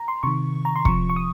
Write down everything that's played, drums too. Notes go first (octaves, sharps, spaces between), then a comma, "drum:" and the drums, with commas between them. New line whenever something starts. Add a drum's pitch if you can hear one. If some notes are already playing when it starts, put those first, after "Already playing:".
Already playing: A#5
C6
C3 D#3 C#6
A#5
C6
C3 F3 C#6, drum: kick
C#6
D#6